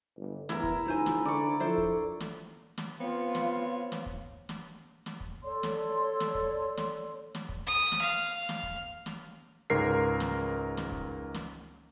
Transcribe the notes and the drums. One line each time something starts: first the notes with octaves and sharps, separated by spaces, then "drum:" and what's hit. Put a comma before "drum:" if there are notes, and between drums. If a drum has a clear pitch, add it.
G1
E2 E4 A#4 A#5, drum: snare
drum: kick
C#2 D#4 F#4 C5 G#5
drum: snare
D3 D5 C#6
F3 D4 E4 A4 C5
drum: kick
drum: snare
drum: snare
B3 C4 F4 C#5
drum: snare
drum: snare
drum: kick
drum: snare
drum: snare
drum: kick
A4 C#5 D5 C6
drum: snare
drum: snare
drum: kick
drum: snare
drum: snare
drum: kick
D#6
drum: snare
F5
drum: snare
drum: kick
drum: snare
C#2 G#2 A#4 C7
drum: snare
drum: snare
drum: kick
drum: snare